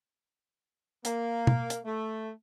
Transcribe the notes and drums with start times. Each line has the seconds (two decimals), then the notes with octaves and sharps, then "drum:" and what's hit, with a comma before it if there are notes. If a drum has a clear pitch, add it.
1.05 A#3, drum: hi-hat
1.47 drum: tom
1.70 drum: hi-hat
1.85 A3